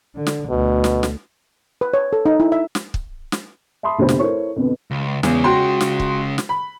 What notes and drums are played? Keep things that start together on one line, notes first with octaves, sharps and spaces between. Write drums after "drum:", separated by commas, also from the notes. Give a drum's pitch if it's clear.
D3
drum: snare
D2 B2
drum: snare
drum: snare
B4
C#5
A4
D#4
E4
E5
drum: snare
drum: kick
drum: snare
E5 A5 B5 C6 D#6
F1 D2 B2 G4 C5 B5
drum: snare
E4 A4 A#4 C5 C#5 C#6
F2 B2 D3 B4
C#2
E2 C#3 G#3, drum: snare
F#4 G5 C6
drum: snare
drum: kick
drum: snare
B5